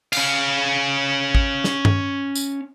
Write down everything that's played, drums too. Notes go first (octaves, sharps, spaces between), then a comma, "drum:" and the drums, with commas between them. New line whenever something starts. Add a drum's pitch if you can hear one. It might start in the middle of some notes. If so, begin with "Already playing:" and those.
C#4 F5, drum: cymbal
drum: kick A1
drum: snare
drum: tom G2
drum: tambourine